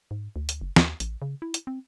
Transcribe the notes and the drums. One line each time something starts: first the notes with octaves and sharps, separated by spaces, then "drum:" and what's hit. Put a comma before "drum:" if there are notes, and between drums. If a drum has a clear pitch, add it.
G#2
D2
drum: hi-hat
F#1
D#2, drum: snare
A1, drum: hi-hat
C#3
E4
drum: hi-hat
C4